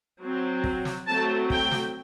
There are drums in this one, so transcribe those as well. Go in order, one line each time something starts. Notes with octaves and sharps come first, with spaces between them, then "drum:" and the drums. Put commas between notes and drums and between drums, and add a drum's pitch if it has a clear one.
F#3 C4
drum: kick
drum: snare
F#3 A3 C4 A5
G5, drum: kick
drum: snare